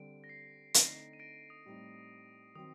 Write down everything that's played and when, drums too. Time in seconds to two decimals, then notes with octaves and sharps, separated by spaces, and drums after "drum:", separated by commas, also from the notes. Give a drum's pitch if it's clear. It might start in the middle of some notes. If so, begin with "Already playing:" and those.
Already playing: D3 G3 C4 D7
0.24 A#6
0.29 C7
0.74 D3 A3 C4 D#4 A#6, drum: hi-hat
1.13 D#7
1.19 A#6 D7
1.50 D#6
1.66 A2 G3 C4 D#4
2.55 D#3 F#3 C4 D#6